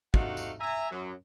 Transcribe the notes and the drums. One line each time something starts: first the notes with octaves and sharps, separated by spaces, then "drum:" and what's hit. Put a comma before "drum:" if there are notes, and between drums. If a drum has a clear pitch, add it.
C3 A3 D#4 F#4 F5 F#5, drum: kick
drum: tambourine
E5 G#5 A#5
F#2 F#3